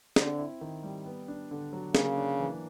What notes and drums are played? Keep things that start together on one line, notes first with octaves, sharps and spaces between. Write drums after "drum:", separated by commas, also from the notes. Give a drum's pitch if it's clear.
D3 C4, drum: snare
E4
D#3
G3
B3
D4
D3
F#3
C#3 A#3, drum: snare
D4
E3